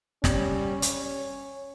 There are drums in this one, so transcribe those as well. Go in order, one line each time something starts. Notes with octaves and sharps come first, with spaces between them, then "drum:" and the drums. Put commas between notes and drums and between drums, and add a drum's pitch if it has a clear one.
G3 C#4, drum: snare
C#5, drum: hi-hat